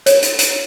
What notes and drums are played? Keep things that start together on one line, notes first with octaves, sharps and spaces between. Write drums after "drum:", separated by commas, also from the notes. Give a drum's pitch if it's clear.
C#5, drum: hi-hat
drum: hi-hat
drum: hi-hat